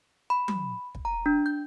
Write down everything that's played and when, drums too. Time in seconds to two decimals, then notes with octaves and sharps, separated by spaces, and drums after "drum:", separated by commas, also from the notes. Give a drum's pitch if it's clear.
0.30 B5
0.48 drum: tom F#3
0.95 drum: kick
1.05 A#5
1.26 D4
1.46 G6